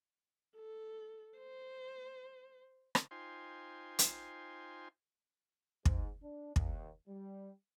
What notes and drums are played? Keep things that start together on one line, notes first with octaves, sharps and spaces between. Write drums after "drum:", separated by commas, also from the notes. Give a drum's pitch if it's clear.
A4
C5
drum: rim click
D#4 F4 C5 G5 G#5 C6
drum: hi-hat
G#2, drum: kick
D4
D#2, drum: kick
G3